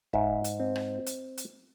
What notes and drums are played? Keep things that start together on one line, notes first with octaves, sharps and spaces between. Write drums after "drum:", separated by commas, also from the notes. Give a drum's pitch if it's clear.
G#2 E5, drum: kick
drum: hi-hat
C4
drum: rim click
drum: hi-hat
drum: hi-hat